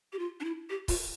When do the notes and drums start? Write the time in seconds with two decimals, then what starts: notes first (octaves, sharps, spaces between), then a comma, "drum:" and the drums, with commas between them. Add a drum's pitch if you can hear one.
0.13 G4
0.19 F4
0.40 D4
0.44 E4
0.70 G4
0.88 F4, drum: kick C#1, open hi-hat